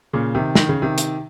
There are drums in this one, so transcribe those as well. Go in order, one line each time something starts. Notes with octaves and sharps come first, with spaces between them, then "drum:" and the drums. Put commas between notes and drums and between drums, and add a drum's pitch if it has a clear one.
A#2 C#3
C3 D#3
D#3, drum: snare
C#3
C3 D#3
drum: hi-hat